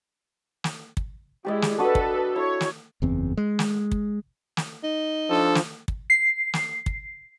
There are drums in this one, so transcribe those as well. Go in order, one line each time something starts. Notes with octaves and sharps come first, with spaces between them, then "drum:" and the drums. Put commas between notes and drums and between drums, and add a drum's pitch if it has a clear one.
drum: snare
drum: kick
G#3 E4 G4 D5 D#5
drum: snare
D4 F#4 A4 B4 D#6
drum: kick
E4 C#5
drum: snare
F#1 E2 C4
G#3
drum: snare
drum: kick
drum: snare
D#4
F3 D4 A4
drum: snare
drum: kick
C7
drum: snare
drum: kick